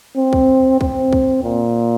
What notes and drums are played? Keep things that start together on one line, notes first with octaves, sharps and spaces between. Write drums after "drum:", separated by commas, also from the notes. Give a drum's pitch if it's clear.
C4
drum: kick
C4, drum: kick
drum: kick
A#2